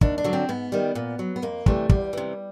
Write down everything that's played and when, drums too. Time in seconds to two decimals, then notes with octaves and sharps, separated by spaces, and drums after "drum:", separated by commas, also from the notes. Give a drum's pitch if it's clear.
0.01 D#2 D4, drum: kick
0.18 D4
0.24 D3 F#3
0.33 C4
0.49 G#2 B3
0.72 D#3 G3
0.95 A#2
1.19 F#3
1.36 B3
1.42 F2 A#3
1.66 C3 E3 G3 A3, drum: kick
1.89 E2 G3, drum: kick
2.13 C3 E3